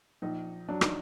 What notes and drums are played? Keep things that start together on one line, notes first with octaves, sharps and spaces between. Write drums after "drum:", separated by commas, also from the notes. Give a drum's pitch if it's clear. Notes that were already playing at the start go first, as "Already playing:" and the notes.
A#1 D#4
F#3 D4
D#4, drum: rim click